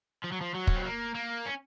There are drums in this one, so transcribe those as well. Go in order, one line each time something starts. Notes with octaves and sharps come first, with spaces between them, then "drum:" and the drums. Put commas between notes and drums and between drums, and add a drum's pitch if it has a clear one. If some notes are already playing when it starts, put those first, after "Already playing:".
F3
F#3
F3
F#3
C#4, drum: kick
C4
A#3
A#3
C#4